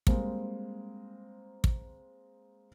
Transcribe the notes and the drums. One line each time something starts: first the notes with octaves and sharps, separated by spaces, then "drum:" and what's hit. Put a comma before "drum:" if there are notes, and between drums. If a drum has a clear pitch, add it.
G3 G#3 A#3 C4, drum: kick
drum: kick